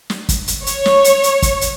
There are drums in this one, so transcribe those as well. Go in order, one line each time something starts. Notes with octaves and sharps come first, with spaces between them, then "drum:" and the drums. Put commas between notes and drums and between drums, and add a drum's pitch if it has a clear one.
drum: snare
drum: kick, hi-hat
drum: hi-hat
C#5, drum: hi-hat
drum: snare
drum: hi-hat
drum: hi-hat
drum: kick, hi-hat
drum: hi-hat